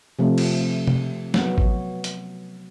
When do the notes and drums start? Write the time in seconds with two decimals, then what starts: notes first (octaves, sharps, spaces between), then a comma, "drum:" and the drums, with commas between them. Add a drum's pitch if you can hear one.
0.19 C3 F3 A3
0.38 drum: cymbal
0.87 drum: tom
1.34 F#3 B3, drum: snare
1.58 drum: kick G#1
2.04 drum: hi-hat